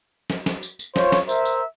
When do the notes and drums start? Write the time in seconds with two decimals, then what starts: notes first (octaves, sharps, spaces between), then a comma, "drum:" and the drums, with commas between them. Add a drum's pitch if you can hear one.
0.30 drum: snare
0.46 drum: snare
0.63 drum: tambourine
0.79 drum: tambourine
0.96 F4 C5 C#5, drum: snare
1.12 drum: snare
1.29 A#4 C5 E5, drum: tambourine
1.45 drum: tambourine